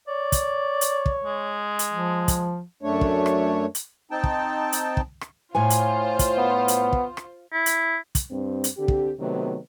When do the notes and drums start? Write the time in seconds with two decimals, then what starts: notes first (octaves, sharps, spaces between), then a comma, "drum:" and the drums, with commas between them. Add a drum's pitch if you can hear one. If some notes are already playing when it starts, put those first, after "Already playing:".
0.08 C#5 D5
0.32 drum: kick, hi-hat
0.81 drum: hi-hat
1.06 drum: kick
1.24 G#3
1.79 drum: hi-hat
1.94 F3
2.28 drum: kick, hi-hat
2.81 F#2 A3 D4 C#5
3.01 drum: kick
3.26 drum: rim click
3.75 drum: hi-hat
4.11 C4 D#4 G5 A5
4.24 drum: kick
4.72 drum: hi-hat
4.97 drum: kick
5.21 drum: rim click
5.55 A2 F4 C5 C#5 G#5
5.70 drum: hi-hat
6.19 drum: kick, hi-hat
6.38 B3
6.68 drum: hi-hat
6.93 drum: kick
7.17 drum: rim click
7.53 E4
7.66 drum: hi-hat
8.15 drum: kick, hi-hat
8.31 G2 C4
8.64 drum: hi-hat
8.77 D3 C4 G4
8.88 drum: kick
9.20 C3 D#3 F#3 A3 B3